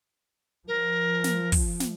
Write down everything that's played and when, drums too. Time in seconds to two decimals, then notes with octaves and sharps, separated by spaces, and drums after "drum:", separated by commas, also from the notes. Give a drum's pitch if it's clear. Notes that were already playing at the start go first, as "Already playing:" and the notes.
0.68 F3 A#4
1.24 drum: snare
1.52 drum: kick, open hi-hat
1.80 drum: snare